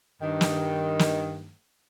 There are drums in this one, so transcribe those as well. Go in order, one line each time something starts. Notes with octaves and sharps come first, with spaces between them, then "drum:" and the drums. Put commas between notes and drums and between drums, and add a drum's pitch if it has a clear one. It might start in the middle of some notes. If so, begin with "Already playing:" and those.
G2 D#3
drum: snare
drum: snare